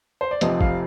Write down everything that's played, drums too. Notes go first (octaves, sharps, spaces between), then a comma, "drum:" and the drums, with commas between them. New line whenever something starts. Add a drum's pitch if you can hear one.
C5
D5
F1 F2 C3 F3 C4 D#5, drum: hi-hat
F5, drum: kick G1